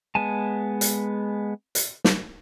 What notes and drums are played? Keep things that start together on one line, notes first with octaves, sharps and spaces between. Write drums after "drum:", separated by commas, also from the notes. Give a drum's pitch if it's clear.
G#3 B3 G#5 A5
drum: hi-hat
drum: hi-hat
drum: snare